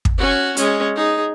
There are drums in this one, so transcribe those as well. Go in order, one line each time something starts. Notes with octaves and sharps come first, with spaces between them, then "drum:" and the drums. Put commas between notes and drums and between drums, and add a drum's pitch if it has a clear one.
drum: kick
C#4 F#4
G#3 C#4, drum: hi-hat
D#4 G#4